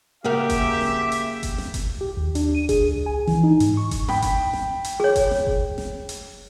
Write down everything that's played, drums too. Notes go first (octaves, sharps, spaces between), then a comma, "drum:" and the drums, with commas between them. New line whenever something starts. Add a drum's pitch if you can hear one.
C#3 A#3 F#4 G4 A#4 E5
drum: kick F#1, hi-hat
drum: snare
drum: hi-hat
drum: kick F#1, hi-hat
drum: snare
drum: kick F#1, hi-hat
G4
D#2
D4, drum: hi-hat
D#7
G#4, drum: kick F#1, hi-hat
C#2
G#5
E3, drum: snare
D#4
G#2, drum: hi-hat
C#6
drum: kick F#1, hi-hat
G5 B5, drum: snare
drum: kick F#1, hi-hat
drum: snare
drum: hi-hat
G#4 C#5
drum: kick F#1, hi-hat
drum: snare
drum: kick F#1
drum: snare
drum: hi-hat